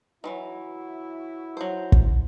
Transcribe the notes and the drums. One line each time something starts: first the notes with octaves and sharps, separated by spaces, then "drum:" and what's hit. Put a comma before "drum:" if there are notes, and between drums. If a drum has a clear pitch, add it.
D#3 E3 F#3 E4 F#4
F#3 C5
drum: kick